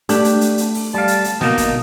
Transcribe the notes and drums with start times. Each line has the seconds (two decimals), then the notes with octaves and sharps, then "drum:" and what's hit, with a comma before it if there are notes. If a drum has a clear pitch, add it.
0.09 A3 D4 G4, drum: hi-hat
0.24 drum: hi-hat
0.41 drum: hi-hat
0.58 drum: hi-hat
0.74 drum: open hi-hat
0.94 G3 F5 A5
1.08 drum: hi-hat
1.24 drum: hi-hat
1.41 B2 A#3 D#4, drum: snare
1.58 drum: kick, hi-hat